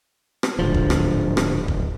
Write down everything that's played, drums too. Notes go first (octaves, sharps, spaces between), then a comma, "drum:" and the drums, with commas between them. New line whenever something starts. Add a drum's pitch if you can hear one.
drum: rim click
D1 G#2 D3 F3
drum: kick
drum: rim click
drum: rim click
drum: kick